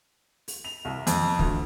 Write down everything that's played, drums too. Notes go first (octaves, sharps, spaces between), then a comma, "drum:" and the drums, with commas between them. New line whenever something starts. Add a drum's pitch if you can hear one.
drum: open hi-hat
F7
C2
F2, drum: hi-hat
D2, drum: kick